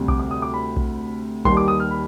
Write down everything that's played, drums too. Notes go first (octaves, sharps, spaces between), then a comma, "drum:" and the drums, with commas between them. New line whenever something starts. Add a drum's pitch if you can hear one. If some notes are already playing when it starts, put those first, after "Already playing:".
Already playing: D2 C3 G3
D6, drum: kick B1
D6
D#6
D6
B5
drum: kick B1
D#2 D#3 G3 C6, drum: kick B1
D6
D#6
F6
B5